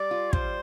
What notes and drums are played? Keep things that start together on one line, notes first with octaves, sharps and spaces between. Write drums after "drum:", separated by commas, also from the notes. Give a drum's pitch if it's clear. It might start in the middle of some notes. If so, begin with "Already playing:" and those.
Already playing: G3 D5
F4
G3 C5, drum: kick